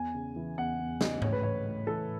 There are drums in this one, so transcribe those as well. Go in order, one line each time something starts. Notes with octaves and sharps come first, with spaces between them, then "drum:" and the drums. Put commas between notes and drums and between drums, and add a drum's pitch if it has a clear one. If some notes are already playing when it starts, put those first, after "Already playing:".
Already playing: E2 G#5
C#3
E3
E2 F#5
E2
C#3 D#5, drum: snare
A2 C#5, drum: tom G#2
B4
E3 C#5
A2
E3 A4